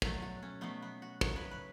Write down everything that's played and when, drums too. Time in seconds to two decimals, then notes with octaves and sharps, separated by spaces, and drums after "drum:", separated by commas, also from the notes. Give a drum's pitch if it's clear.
0.02 B2 F#3 A3 A4, drum: kick
0.22 F#4
0.43 C#4
0.61 B2 F#3 A3 B3
0.82 B3
1.02 F#4
1.21 C#3 F#3 A3 C#5, drum: kick
1.36 B4
1.51 B4